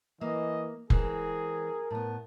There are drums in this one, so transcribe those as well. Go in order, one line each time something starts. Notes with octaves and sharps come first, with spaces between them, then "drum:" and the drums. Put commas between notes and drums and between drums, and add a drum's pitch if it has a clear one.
E3 A#3 D#5
E3 G#3 C4 G#4 A#4, drum: kick F1
A2 B3 A5